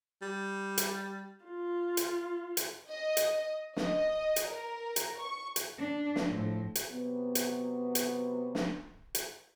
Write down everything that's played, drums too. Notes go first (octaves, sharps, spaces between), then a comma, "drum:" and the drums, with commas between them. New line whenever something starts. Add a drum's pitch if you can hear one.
G3
drum: hi-hat
F4
drum: hi-hat
drum: hi-hat
D#5
drum: hi-hat
D#5, drum: snare
drum: hi-hat
A#4
drum: hi-hat
C#6
drum: hi-hat
D4
drum: snare
A2 F3
drum: hi-hat
C3 F#3 B3
drum: hi-hat
drum: hi-hat
drum: snare
drum: hi-hat